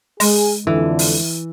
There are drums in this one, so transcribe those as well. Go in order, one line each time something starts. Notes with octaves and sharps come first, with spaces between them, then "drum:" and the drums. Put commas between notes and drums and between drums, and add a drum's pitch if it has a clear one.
G#3 G#4, drum: open hi-hat
F2 D3 E3
drum: open hi-hat